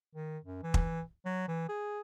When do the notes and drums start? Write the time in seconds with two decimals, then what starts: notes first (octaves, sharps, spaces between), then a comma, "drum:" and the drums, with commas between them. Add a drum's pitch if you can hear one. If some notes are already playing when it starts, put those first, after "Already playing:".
0.15 D#3
0.44 F#2
0.63 E3
0.74 drum: kick
1.25 F#3
1.48 E3
1.69 G#4